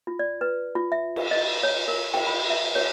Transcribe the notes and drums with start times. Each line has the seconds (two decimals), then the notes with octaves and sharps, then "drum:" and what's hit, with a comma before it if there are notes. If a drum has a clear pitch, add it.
0.07 F4
0.19 D5
0.41 B4
0.75 F4
0.92 E5
1.16 drum: cymbal
1.31 D#5
1.63 C#5
1.88 A#4
2.14 G5, drum: cymbal
2.27 B5
2.50 E5
2.75 C#5, drum: cymbal